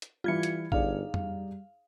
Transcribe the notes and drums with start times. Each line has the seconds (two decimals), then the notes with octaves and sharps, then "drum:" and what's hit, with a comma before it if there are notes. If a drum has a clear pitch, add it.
0.02 drum: hi-hat
0.24 E3 G3 F4 G#6 C#7
0.43 drum: hi-hat
0.72 G1 D#4 G#4 D5 F5, drum: kick A1
1.14 G3, drum: tom F2